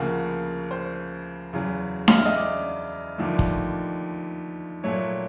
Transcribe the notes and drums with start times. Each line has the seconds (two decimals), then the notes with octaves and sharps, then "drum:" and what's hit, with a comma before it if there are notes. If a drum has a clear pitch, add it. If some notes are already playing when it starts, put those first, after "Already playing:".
Already playing: D2 C#3 F3 A#3 F#5
0.71 C5
1.53 E2 C#3 F#3
2.08 F5, drum: snare D4
2.17 E5
2.26 D#5
2.36 D5
3.18 D#2 D3 F3 A3
3.39 drum: kick
4.84 A#2 F#3 A3 C#5